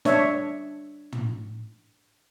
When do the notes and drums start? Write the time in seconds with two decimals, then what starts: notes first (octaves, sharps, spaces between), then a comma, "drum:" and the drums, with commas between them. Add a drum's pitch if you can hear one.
0.05 D4 C#5 E5, drum: snare
1.12 drum: tom